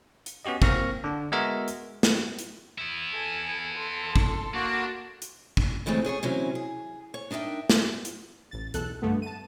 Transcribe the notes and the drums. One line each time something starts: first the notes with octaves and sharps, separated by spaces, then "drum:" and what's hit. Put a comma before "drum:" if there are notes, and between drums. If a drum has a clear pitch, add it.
drum: hi-hat
B3 C#4 F#4 G4 D#5
A#3 C4 C#6 F6 A#6, drum: kick
D3 D4
G#3 B3 F#4 A#4 E5
drum: hi-hat
drum: snare
drum: hi-hat
B3 E4
A4 G#5
A4 C6
drum: kick
A#3 D4 F#4 D5
drum: hi-hat
drum: kick
C#3 E3 G#3 A3 C4
C#4 G#4 C5 C#5
C3 E3 F#3 C#4
G#4
C#5
D4 D#4 A#4 E5 G5
drum: snare
drum: hi-hat
A1 A6
B1 E2 A4 F#6, drum: hi-hat
G2 D3 A3 B3
A5 D#7